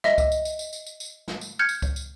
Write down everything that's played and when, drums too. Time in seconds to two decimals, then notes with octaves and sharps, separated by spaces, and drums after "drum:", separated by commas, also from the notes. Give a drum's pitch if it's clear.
0.04 D#5 E5, drum: snare
0.18 drum: kick C#2, tambourine
0.32 drum: tambourine
0.45 drum: tambourine
0.59 drum: tambourine
0.73 drum: tambourine
0.86 drum: tambourine
1.00 drum: tambourine
1.28 drum: snare
1.41 drum: tambourine
1.59 F6 G6 G#6 C#7
1.69 drum: tambourine
1.82 drum: kick C#2, tambourine
1.96 drum: tambourine